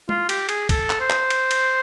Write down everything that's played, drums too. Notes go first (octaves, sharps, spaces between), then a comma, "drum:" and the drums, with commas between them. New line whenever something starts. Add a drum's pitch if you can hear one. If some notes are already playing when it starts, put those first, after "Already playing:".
F4, drum: tom G#3
G4, drum: cymbal
G#4, drum: cymbal
A4, drum: kick, cymbal
drum: clap
C5
drum: clap
drum: cymbal
drum: cymbal